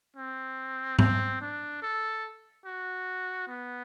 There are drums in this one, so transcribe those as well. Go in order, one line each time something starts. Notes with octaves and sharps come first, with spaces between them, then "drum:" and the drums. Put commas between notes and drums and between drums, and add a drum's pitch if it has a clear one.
C4
C4, drum: tom G#2
D4
A4
F#4
B3